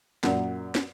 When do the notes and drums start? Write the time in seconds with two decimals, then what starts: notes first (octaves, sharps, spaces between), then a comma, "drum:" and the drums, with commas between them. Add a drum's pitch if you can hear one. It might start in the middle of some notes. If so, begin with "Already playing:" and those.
0.24 F#2 A#2, drum: snare
0.75 drum: snare